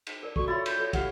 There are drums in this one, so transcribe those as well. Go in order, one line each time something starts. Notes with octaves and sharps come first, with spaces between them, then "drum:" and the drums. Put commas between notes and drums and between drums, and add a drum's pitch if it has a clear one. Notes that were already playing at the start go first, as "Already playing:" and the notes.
drum: cymbal
A#4 D5
F#4 A4 D5 C#6, drum: kick
E4 F4 C#5 B5 C6 A6
G6, drum: cymbal
F4 A4 C#5 E5
F4 G4 F5 F#5, drum: kick, cymbal